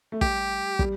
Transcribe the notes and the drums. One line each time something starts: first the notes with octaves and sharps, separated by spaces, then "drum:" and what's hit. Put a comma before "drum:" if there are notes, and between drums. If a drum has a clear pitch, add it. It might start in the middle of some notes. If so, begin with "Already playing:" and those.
A3
G3 G4, drum: kick
G3, drum: kick